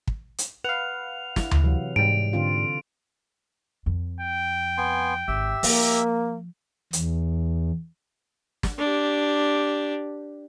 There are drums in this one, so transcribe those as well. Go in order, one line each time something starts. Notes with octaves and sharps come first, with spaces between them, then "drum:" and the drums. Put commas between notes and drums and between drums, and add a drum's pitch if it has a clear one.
drum: kick
drum: hi-hat
B4 F5 F#5 F7
E4, drum: snare
drum: tom D2
C3 E3 F#3
G#2 G3 D7
D3 C4 F4
F2
G5
B3 G#5 C6
G#1 G4 E5 E6
F3 A#3, drum: open hi-hat
E2, drum: hi-hat
drum: snare
D4 G4